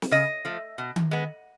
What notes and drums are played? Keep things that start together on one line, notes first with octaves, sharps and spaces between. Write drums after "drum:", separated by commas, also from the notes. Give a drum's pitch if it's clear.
drum: snare
C#3 D#5
F3 A3
B2
drum: tom D#3
G#3 B3